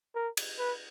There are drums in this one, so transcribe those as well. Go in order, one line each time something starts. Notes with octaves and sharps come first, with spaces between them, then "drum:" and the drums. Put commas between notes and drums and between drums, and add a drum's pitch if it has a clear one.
A#4
drum: cymbal
B4